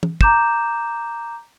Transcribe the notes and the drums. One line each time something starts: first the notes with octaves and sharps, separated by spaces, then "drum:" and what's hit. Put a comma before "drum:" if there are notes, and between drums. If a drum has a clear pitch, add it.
drum: tom
A#5 D6 G6 E7, drum: kick